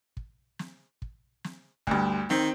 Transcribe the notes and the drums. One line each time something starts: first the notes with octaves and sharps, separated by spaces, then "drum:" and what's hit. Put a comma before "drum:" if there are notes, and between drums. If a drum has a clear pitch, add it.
drum: kick
drum: snare
drum: kick
drum: snare
D2 G2, drum: kick
D#3 C4, drum: snare